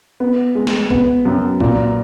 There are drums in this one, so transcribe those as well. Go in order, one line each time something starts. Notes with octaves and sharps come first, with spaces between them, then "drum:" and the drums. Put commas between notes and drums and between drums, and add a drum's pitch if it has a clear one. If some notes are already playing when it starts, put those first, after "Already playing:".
B3
G#3
drum: snare
B3, drum: kick B1
F#2
A#2, drum: kick B1